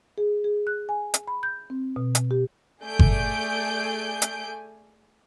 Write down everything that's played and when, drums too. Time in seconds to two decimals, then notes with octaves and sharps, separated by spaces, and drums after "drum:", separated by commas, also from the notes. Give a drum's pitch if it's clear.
0.18 G#4
0.44 G#4
0.67 F#6
0.89 G#5
1.14 drum: hi-hat
1.27 B5
1.43 G6
1.70 C4
1.96 B2
2.15 drum: hi-hat
2.31 G4
2.82 A3 G#4 D5 G#5 G6 D7
2.99 drum: kick G1
4.22 drum: hi-hat